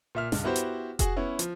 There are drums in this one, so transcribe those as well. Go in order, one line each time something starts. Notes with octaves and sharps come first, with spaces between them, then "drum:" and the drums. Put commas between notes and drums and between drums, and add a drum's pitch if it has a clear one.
A#2 E5 F6
C#2 G2, drum: snare
B3 E4 F#4 G4 C5
drum: hi-hat
F#4 G#4 F#5, drum: kick F1, hi-hat
B3 C#4 E4
F3, drum: hi-hat